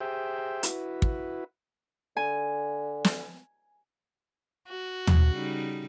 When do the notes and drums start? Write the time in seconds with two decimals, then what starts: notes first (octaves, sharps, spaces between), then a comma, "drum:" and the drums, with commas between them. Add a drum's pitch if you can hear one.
0.01 G4 G#4 C5 E5 G5
0.63 E4 F#4 B4, drum: hi-hat
1.02 drum: kick
2.17 D3 G#5
3.05 drum: snare
4.69 F#4
5.07 drum: tom
5.30 C#3 G3 D#4